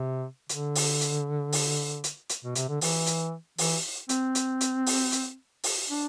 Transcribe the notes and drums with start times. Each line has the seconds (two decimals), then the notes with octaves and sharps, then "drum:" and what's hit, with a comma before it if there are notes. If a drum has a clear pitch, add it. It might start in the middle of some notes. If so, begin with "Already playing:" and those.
Already playing: C3
0.49 D3, drum: hi-hat
0.75 drum: open hi-hat
1.01 drum: hi-hat
1.52 drum: open hi-hat
2.04 drum: hi-hat
2.30 drum: hi-hat
2.44 B2
2.55 C3, drum: hi-hat
2.69 D3
2.81 E3, drum: open hi-hat
3.07 drum: hi-hat
3.58 E3, drum: open hi-hat
4.09 C4, drum: hi-hat
4.35 drum: hi-hat
4.61 drum: hi-hat
4.86 drum: open hi-hat
5.12 drum: hi-hat
5.63 drum: open hi-hat
5.90 D4